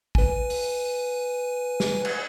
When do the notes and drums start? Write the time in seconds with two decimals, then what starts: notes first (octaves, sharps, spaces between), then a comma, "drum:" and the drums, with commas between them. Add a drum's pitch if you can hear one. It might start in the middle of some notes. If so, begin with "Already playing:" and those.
0.15 B4 G#5, drum: kick
0.50 drum: open hi-hat
1.80 drum: snare
2.05 drum: cymbal